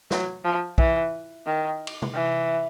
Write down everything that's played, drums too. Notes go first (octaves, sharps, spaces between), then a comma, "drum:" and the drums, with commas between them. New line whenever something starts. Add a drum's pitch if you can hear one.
F#3, drum: snare
F3
E3, drum: kick B1
D#3
drum: cymbal
drum: tom
E3